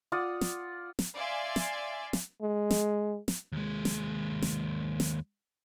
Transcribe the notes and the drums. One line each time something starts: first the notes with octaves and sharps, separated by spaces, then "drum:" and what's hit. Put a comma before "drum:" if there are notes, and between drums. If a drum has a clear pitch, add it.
F4 D5 F#5 D#6
drum: snare
drum: snare
D5 E5 F5 G#5 C6
drum: snare
drum: snare
G#3
drum: snare
drum: snare
D#2 G#3
drum: snare
drum: snare
drum: snare